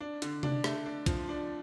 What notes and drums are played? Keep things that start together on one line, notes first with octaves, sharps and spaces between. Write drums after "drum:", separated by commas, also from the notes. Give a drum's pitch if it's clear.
D4
D3, drum: hi-hat
D4, drum: tom C3
A3, drum: rim click
D4
F3, drum: kick, hi-hat
D4